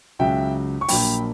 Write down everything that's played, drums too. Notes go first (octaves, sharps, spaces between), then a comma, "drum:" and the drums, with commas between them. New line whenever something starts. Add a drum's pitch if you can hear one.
C#2 C#3 F#3 E5 G5
C#6
A#1 A#2 F#3 A#3 G5 B5, drum: open hi-hat